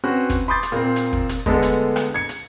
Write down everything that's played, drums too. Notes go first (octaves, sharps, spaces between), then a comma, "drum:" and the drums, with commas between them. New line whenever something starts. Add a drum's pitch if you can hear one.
C4 C#4 F#4 B4
drum: kick, hi-hat
B5 C6 D6 D#6 G6 A6
drum: hi-hat
A#2 A#3 C4
drum: hi-hat
drum: kick
drum: hi-hat
D3 G#3 A3 B3 D4 A4, drum: kick
drum: hi-hat
drum: rim click
G#6 C#7
drum: hi-hat